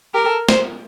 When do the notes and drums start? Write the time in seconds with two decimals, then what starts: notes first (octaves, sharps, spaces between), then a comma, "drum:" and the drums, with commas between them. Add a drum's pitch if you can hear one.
0.14 G4 A#4
0.26 A4
0.49 C5, drum: snare